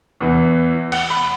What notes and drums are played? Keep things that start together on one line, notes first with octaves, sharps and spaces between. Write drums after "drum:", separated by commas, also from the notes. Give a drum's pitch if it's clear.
E2 E3
F#5, drum: cymbal
B5